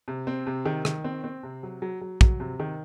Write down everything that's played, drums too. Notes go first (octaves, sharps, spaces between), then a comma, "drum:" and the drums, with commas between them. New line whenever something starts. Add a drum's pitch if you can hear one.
C3
C4
C3
D#3
D#3, drum: rim click
C4
C4
C3
F#3
F#3
F#3
F#3, drum: kick
C3
D#3